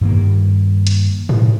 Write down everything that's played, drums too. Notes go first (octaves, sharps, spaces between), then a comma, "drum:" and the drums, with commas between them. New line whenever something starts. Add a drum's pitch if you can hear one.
G2 D#3 A#3
drum: hi-hat
drum: tom G#2